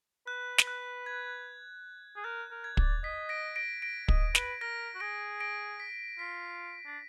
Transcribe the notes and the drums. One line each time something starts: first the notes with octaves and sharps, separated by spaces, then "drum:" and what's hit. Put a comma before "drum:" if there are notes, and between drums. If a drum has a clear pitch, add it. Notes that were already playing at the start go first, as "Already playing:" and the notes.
B4 F#6
drum: snare
F#6
G#6
G#4
A#4 F#6
A#4
G#6
D5, drum: kick
D#5 B6
A#6 D7
A#6 D7
A#6 D7
D#5, drum: kick
B4, drum: snare
A#4 A#6 D7
F#4
G#4 A#6 D7
A#6 D7
B6
F4 B6
D4